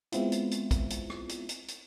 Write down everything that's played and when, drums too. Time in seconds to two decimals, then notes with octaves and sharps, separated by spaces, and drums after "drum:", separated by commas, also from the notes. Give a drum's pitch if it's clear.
0.12 G#3 B3 C4 E4 F4, drum: hi-hat
0.32 drum: hi-hat
0.51 drum: hi-hat
0.71 drum: kick, hi-hat
0.90 drum: hi-hat
1.10 drum: rim click
1.29 drum: hi-hat
1.49 drum: hi-hat
1.68 drum: hi-hat